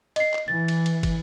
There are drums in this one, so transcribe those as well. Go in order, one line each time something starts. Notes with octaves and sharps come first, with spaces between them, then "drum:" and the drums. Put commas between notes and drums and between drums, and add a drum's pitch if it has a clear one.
D#5 C7, drum: cymbal
drum: clap
E3 A6
drum: cymbal
drum: cymbal
drum: kick, cymbal